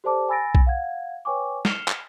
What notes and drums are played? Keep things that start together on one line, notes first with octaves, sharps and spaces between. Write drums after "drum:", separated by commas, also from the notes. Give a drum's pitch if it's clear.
G4 A4 C5 D5 A5 D6
G#5 B5 E6 A6 A#6 D7
drum: kick B1
F5 F#5 G#6
B4 C#5 G5 G#5 C#6 D6
F6 C7 C#7 E7 F7 G7, drum: snare
drum: clap